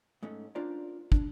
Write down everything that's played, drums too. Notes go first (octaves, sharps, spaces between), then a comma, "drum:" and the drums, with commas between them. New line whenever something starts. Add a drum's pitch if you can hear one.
G#2 A3 C#4
C#4 D4 F4 A#4 C5 D5
D4, drum: kick